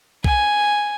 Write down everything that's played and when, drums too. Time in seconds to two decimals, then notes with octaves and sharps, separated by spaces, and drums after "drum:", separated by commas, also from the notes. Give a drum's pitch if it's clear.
0.24 G#5, drum: kick B1